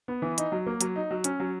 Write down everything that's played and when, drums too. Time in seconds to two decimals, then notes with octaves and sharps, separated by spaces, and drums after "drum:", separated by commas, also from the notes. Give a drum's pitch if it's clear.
0.08 B3
0.22 E3
0.38 D#4, drum: hi-hat
0.52 F#3
0.67 A#3
0.81 F#3, drum: hi-hat
0.96 D#4
1.11 F#3
1.24 C#4, drum: hi-hat
1.40 F#3